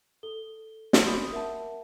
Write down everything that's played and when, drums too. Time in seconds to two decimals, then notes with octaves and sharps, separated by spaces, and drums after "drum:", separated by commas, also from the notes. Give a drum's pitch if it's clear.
0.23 A4 G7
0.93 drum: snare
1.05 B5 C6 D6 D#6 G6
1.32 A#4 E5 F#5 A5